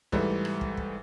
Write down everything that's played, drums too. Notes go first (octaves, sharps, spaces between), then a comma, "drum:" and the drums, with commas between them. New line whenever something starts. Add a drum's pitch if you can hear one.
G#2 E3 G3 A3, drum: kick
drum: rim click
drum: kick
drum: kick